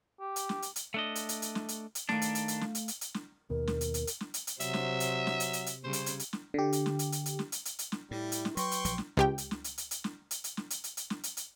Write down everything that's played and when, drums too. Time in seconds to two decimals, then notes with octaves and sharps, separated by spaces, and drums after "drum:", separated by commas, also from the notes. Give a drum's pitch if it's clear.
0.20 G4
0.36 drum: hi-hat
0.49 drum: snare
0.62 drum: hi-hat
0.76 drum: hi-hat
0.94 A3 D4 D#5
1.15 drum: hi-hat
1.29 drum: hi-hat
1.42 drum: hi-hat
1.55 drum: snare
1.69 drum: hi-hat
1.95 drum: hi-hat
2.09 D#3 A3 D4 F5, drum: snare
2.22 drum: hi-hat
2.35 drum: hi-hat
2.48 drum: hi-hat
2.61 drum: snare
2.75 drum: hi-hat
2.88 drum: hi-hat
3.01 drum: hi-hat
3.14 drum: snare
3.50 D#2 B2 A#4
3.67 drum: snare
3.81 drum: hi-hat
3.94 drum: hi-hat
4.07 drum: hi-hat
4.21 drum: snare
4.34 drum: hi-hat
4.47 drum: hi-hat
4.60 C3 F#3 C5 E5, drum: hi-hat
4.74 drum: snare
5.00 drum: hi-hat
5.27 drum: snare
5.40 drum: hi-hat
5.53 drum: hi-hat
5.66 drum: hi-hat
5.84 C#3 G3 C#4 C5
5.93 drum: hi-hat
6.06 drum: hi-hat
6.19 drum: hi-hat
6.33 drum: snare
6.54 D3 G4
6.73 drum: hi-hat
6.86 drum: snare
6.99 drum: hi-hat
7.12 drum: hi-hat
7.26 drum: hi-hat
7.39 drum: snare
7.52 drum: hi-hat
7.65 drum: hi-hat
7.79 drum: hi-hat
7.92 drum: snare
8.11 A2 G3 E4
8.32 drum: hi-hat
8.45 drum: snare
8.57 F#3 B4 G5 C6 C#6, drum: hi-hat
8.71 drum: hi-hat
8.85 A#1 F3 F#3, drum: hi-hat
8.98 drum: snare
9.17 C#2 G4 G5
9.38 drum: hi-hat
9.51 drum: snare
9.64 drum: hi-hat
9.78 drum: hi-hat
9.91 drum: hi-hat
10.04 drum: snare
10.31 drum: hi-hat
10.44 drum: hi-hat
10.57 drum: snare
10.70 drum: hi-hat
10.84 drum: hi-hat
10.97 drum: hi-hat
11.10 drum: snare
11.23 drum: hi-hat
11.37 drum: hi-hat